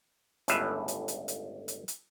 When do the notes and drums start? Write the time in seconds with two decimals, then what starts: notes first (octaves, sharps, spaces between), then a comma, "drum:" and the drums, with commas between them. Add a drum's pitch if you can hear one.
0.48 G1 C#2 A2 B4 E5 F5, drum: hi-hat
0.88 drum: hi-hat
1.08 drum: hi-hat
1.28 drum: hi-hat
1.68 drum: hi-hat
1.88 drum: hi-hat